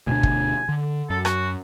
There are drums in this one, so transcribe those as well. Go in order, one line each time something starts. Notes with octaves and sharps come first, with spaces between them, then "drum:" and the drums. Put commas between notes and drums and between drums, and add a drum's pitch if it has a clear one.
D2 B2 D4 G#5
drum: kick
D3
F#2 A4
F#4, drum: rim click